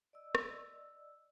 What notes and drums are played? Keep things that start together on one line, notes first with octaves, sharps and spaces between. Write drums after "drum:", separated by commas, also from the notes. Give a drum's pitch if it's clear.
D5 D#5 E6
drum: rim click